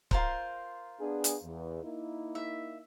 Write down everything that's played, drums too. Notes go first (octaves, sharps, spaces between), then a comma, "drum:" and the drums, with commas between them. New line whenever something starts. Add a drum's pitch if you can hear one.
F4 A#4 C5, drum: kick C#1
B3 D4 G#4
drum: hi-hat
E2
A#3 D#4 E4
E5